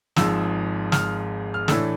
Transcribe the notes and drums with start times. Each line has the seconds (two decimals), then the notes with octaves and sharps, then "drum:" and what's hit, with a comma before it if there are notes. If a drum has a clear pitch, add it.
0.16 G#1 G#2 F3 E6, drum: snare
0.92 F6, drum: snare
1.54 F6
1.68 A2 E3 A3 D4 E6, drum: snare